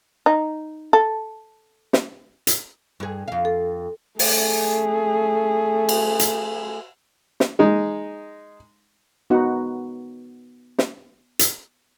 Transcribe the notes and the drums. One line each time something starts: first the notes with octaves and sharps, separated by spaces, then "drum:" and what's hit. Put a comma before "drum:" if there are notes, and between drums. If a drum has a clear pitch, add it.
D#4
A4
drum: snare
drum: hi-hat
G2 G#4
F2 F5
A4
A3 G#4, drum: open hi-hat
drum: cymbal
drum: hi-hat
drum: snare
G#3 D#4
B3 D#4 F#4 F#5
drum: snare
drum: hi-hat